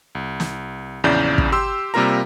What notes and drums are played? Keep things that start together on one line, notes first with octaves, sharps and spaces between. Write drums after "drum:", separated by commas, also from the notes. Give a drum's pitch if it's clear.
C2
drum: snare
A#1 E2 C#3 E4 D5 G6
drum: kick
G4 C6 E6
C3 G3 A#3 F4 A#4 A#5